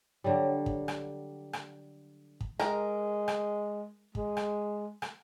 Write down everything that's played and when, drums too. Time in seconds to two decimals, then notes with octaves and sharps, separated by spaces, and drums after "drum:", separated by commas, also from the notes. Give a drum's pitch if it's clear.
0.24 D3 F#3 G3
0.66 drum: kick
0.88 drum: rim click
1.53 drum: rim click
2.40 drum: kick
2.60 G#3 A#4, drum: rim click
3.28 drum: rim click
4.15 G#3, drum: kick
4.37 drum: rim click
5.02 drum: rim click